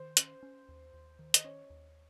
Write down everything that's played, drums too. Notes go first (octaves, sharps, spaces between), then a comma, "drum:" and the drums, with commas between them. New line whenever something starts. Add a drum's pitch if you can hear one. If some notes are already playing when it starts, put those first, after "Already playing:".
Already playing: D#3 C5
C#4, drum: hi-hat
C#4
D#2
D#2
D#3
D#5, drum: hi-hat
C#4 C#5
D#2